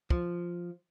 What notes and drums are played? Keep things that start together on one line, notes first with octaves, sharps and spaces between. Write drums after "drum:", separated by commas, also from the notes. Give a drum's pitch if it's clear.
F3, drum: kick